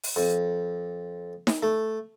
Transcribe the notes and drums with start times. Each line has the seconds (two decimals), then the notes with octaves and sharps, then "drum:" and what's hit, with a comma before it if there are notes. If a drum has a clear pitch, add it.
0.03 drum: open hi-hat
0.16 F2
1.47 drum: snare D#4
1.63 A3